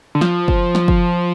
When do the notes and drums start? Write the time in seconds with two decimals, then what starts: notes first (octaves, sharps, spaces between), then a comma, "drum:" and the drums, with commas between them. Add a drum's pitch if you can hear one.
0.15 D3
0.21 F3, drum: snare
0.48 drum: kick F#1
0.75 drum: snare
0.88 drum: kick F#1